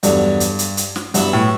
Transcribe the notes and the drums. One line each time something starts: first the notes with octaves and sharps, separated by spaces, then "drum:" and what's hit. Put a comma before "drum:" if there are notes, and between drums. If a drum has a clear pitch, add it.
E2 G2 D3 F#3, drum: hi-hat
drum: hi-hat
drum: hi-hat
drum: hi-hat
drum: snare
G2 F#3 B3 E4 B4, drum: hi-hat
A2